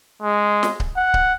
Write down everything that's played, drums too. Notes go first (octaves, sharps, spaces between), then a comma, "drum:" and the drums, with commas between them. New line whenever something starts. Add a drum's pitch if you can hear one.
G#3
drum: snare
drum: kick C#1
F#5
drum: kick C#1